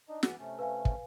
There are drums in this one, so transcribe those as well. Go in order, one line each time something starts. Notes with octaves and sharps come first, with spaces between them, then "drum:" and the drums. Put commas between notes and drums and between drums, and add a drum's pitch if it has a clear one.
D4 D#4 D#5
E3 F#5, drum: snare
C3 A3 C#4
B4 F5 G#5
drum: kick